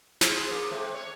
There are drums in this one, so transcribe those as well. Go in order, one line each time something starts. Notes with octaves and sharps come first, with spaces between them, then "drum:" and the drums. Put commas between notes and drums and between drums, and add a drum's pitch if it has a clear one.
C#4 G#4 C5, drum: snare
A#3
G#3 C4
C#5